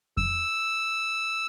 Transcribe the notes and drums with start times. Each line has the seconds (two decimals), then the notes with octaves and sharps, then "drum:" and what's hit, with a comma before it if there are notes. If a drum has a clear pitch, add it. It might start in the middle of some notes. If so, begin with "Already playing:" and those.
0.17 E6, drum: kick F2